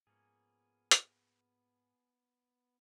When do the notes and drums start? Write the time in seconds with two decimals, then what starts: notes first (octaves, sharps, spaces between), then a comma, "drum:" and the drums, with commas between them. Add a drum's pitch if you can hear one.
0.07 G#2 F3 A#3 B3 C#4 G#4
0.91 drum: hi-hat